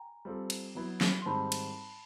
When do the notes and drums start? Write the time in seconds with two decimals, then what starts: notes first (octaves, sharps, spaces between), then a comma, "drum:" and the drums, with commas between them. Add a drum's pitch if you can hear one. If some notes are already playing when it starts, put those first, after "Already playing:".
Already playing: G5 G#5 A#5
0.25 G3 C4 F4 A4
0.50 drum: cymbal
0.75 F#3 B3 E4
1.01 drum: snare
1.22 C6
1.26 G#2 D#3 G3 C4 A5 B5
1.52 drum: cymbal